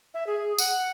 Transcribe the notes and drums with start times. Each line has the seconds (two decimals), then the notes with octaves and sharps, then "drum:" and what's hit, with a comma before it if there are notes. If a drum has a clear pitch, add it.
0.14 E5
0.27 G#4
0.58 F#5, drum: tambourine